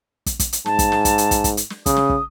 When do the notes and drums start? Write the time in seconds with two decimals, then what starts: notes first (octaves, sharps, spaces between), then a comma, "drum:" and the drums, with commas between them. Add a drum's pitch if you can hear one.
0.26 drum: kick, hi-hat
0.39 drum: kick, hi-hat
0.53 drum: hi-hat
0.66 G#2 A5, drum: snare
0.79 drum: kick, hi-hat
0.92 drum: snare
1.05 drum: kick, hi-hat
1.18 drum: hi-hat
1.31 drum: kick, hi-hat
1.44 drum: kick, hi-hat
1.57 drum: hi-hat
1.70 drum: snare
1.86 C#3 D#6, drum: kick, hi-hat
1.96 drum: snare
2.10 drum: kick